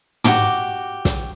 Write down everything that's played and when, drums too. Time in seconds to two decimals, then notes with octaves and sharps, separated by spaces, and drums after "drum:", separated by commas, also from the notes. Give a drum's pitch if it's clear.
0.24 F#4 G4 A#4 D6, drum: tom
1.05 drum: snare